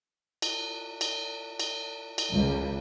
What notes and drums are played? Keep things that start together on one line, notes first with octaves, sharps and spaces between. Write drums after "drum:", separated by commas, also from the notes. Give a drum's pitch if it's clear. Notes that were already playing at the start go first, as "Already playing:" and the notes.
drum: cymbal
drum: cymbal
drum: cymbal
drum: cymbal
C#2